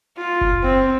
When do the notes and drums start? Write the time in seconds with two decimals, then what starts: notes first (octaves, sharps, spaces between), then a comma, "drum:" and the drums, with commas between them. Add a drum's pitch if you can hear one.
0.18 F4
0.41 drum: kick F#1
0.63 C4